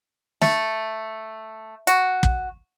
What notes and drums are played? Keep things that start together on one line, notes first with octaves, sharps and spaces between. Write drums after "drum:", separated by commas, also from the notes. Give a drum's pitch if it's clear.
A3, drum: snare
F#4, drum: hi-hat
drum: kick